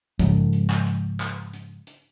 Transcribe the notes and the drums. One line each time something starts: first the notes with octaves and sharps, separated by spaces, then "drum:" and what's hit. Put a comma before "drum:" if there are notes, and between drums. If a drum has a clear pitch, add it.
G#2 C#3 F3 G#3, drum: kick, hi-hat
drum: hi-hat
drum: clap
drum: hi-hat
drum: clap
drum: hi-hat
drum: hi-hat